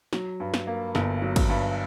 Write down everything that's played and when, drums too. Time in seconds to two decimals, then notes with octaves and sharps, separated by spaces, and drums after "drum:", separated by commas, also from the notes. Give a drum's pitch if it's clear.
0.13 F#3, drum: snare
0.40 G2
0.54 drum: snare
0.67 A#3
0.95 G1, drum: snare
1.22 F#3
1.36 drum: kick, cymbal
1.49 G2